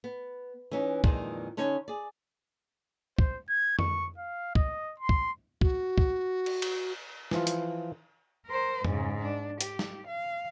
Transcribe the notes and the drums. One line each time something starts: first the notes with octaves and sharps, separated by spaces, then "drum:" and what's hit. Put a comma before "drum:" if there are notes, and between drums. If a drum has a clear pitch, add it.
B3
E3 C#4 D#4
F2 A#2 D#3 E3 G#3 D4, drum: kick
D3 C#4 D#4 C#5
G#4 D5
C5, drum: kick
G#6
C#6, drum: tom F2
F5
D#5, drum: kick
C6
drum: kick
F#4, drum: kick
drum: kick
drum: cymbal
drum: cymbal
E3 F3 F4, drum: snare
drum: hi-hat
A#4 C5
G#2 C#3, drum: tom F2
D4
G4, drum: hi-hat
drum: snare
F5